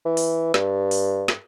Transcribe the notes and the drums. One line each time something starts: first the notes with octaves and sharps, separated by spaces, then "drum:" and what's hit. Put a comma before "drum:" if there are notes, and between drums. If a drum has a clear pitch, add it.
E3
drum: open hi-hat
G2, drum: snare
drum: open hi-hat
drum: snare